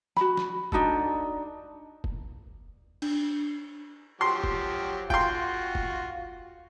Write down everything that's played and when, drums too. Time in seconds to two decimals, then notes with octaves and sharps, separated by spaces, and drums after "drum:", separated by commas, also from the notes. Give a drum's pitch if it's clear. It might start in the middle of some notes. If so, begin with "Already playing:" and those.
0.17 F#4 B5, drum: snare
0.37 drum: snare
0.72 D4 D#4 F#4 A4, drum: kick F1
2.04 drum: kick F1
3.02 D4, drum: cymbal
4.21 F3 F#3 G4 C6
4.44 drum: kick F1
5.10 F4 F#4 G5 C6, drum: kick F1
5.75 drum: kick F1